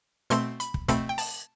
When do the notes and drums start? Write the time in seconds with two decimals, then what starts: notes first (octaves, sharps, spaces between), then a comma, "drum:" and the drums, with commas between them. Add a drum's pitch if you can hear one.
0.30 B2 A3 C4 C6, drum: hi-hat
0.60 B5, drum: hi-hat
0.74 drum: kick
0.88 B2 A3 C4 B5, drum: kick, hi-hat
1.09 G5
1.18 A5, drum: open hi-hat